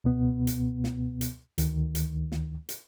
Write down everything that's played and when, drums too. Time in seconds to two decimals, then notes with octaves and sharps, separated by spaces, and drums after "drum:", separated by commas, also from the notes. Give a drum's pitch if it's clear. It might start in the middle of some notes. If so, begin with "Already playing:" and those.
0.04 C#2 B2 B3
0.47 drum: hi-hat
0.84 drum: snare
1.21 drum: hi-hat
1.58 D2 D#3, drum: hi-hat
1.95 drum: hi-hat
2.32 drum: snare
2.69 drum: hi-hat